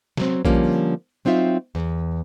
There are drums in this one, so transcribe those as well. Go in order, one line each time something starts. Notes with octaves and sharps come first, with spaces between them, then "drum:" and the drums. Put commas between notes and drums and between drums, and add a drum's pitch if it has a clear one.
F#3 C4, drum: snare
D3 F3 G3 A#3 C#4, drum: kick
F#3 C4 D#4 F4 E5
E2